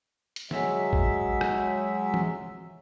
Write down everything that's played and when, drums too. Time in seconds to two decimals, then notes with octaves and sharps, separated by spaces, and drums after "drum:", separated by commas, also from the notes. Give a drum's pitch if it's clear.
0.36 drum: hi-hat
0.51 F#3 G#3 E5, drum: snare
0.93 drum: kick G#1
1.41 drum: rim click
2.14 drum: tom E3